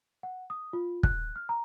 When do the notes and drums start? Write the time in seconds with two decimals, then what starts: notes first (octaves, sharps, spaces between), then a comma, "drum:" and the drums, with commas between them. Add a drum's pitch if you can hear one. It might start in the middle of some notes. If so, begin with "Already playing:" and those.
0.23 F#5
0.50 D#6
0.73 F4
1.03 F#6, drum: kick
1.36 F6
1.49 A#5